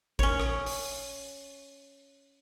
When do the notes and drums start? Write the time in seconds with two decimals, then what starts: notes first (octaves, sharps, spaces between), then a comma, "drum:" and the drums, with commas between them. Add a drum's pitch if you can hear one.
0.19 C#4 C#5, drum: kick A1
0.40 drum: rim click
0.66 drum: open hi-hat